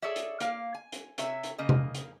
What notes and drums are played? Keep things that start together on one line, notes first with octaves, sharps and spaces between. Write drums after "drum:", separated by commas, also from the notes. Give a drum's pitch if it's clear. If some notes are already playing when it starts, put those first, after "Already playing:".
G#4 A4 C#5 D5 E5
drum: hi-hat
A#3 F5, drum: hi-hat
G#5
drum: hi-hat
C3 C#5 E5, drum: hi-hat
drum: hi-hat
C#3 A#3 D#5
drum: tom C3
drum: hi-hat